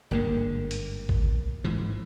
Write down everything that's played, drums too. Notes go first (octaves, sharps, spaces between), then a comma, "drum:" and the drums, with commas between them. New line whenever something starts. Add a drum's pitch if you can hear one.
G1 G#2 D3 A#3 G4
drum: hi-hat
drum: kick G#1
G#2 E3 F3